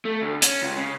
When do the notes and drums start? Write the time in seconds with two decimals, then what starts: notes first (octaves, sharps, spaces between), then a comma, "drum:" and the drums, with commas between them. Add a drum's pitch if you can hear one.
0.05 A3
0.22 D2
0.42 C#4, drum: hi-hat
0.62 C#2
0.78 C#3